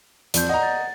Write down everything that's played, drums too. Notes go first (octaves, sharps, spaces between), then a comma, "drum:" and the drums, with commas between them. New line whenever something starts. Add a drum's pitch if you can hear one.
F2 D5 G6, drum: hi-hat
D#5 F#5 A#5
A6